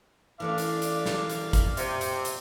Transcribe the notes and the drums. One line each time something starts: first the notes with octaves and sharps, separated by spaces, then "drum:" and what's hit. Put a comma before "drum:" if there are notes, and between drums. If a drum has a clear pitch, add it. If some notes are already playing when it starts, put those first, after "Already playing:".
E3 A3 C#4 D4 D5 F5
drum: hi-hat
drum: hi-hat
drum: snare
drum: hi-hat
drum: kick, hi-hat
C3, drum: hi-hat
drum: hi-hat
drum: hi-hat